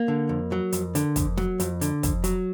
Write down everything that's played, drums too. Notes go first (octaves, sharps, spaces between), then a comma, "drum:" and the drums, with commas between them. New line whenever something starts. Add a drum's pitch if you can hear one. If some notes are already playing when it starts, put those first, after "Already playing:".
Already playing: A#3
D3
F2
F#3
F2, drum: hi-hat
D3, drum: hi-hat
F2, drum: kick, hi-hat
F#3, drum: snare
F2, drum: hi-hat
D3, drum: hi-hat
F2, drum: kick, hi-hat
F#3, drum: hi-hat